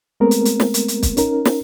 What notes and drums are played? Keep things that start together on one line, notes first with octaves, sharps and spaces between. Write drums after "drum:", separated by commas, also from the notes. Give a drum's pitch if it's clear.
G#3 A3 B3 C4 A#4
drum: hi-hat
drum: hi-hat
drum: snare
drum: hi-hat
drum: hi-hat
drum: kick, hi-hat
C#4 D#4 A#4, drum: hi-hat
drum: snare